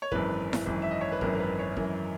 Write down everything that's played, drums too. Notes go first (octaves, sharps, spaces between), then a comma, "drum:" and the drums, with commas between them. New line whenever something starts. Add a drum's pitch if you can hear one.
C#5
G#1 F#2 E3 B4, drum: kick
drum: snare E4
G#1 F#2 E3, drum: kick
E5
D#5
C#5
B4
G#1 F#2 E3 A#4, drum: kick
A#4
B4
C#5
G#1 F#2 E3 A#4, drum: kick